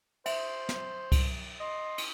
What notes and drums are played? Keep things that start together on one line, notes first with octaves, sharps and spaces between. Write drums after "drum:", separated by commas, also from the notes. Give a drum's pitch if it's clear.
C5 E5, drum: cymbal
drum: snare
drum: kick C2, cymbal
D#5 C6
drum: cymbal